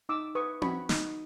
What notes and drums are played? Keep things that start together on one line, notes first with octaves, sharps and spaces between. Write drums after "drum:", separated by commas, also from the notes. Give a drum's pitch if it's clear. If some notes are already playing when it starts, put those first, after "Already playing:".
D#4 D6 E6
B4 C#6 D#6
F#4 B5 C#6, drum: tom C4
D#4, drum: snare